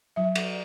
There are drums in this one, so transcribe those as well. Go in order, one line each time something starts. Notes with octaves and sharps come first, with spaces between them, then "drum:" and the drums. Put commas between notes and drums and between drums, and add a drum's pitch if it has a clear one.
F#3 E5
drum: cymbal